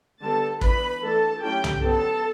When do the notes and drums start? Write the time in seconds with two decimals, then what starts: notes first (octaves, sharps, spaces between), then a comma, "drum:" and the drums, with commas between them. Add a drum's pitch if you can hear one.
0.21 D3 G3 B3 A4 A5
0.61 E3 B3 D4 B4 B5, drum: kick
1.01 E3 A3 D4 A4 A5
1.42 F#3 A3 C#4 E4 G4 G5
1.64 drum: tom C2
1.82 D3 F#3 B3 A4 A5